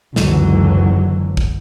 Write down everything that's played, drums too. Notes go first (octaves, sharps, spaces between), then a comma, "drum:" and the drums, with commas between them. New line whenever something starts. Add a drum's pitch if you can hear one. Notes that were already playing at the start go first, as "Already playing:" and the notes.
F#1 C#2 G#2 D3 E3 F#3, drum: snare
drum: kick